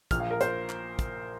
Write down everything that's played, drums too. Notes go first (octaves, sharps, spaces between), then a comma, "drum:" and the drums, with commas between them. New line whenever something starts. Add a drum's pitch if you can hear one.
A#1 A#2 F6, drum: kick, hi-hat
F5
A#4
C5, drum: hi-hat
drum: clap
drum: kick, hi-hat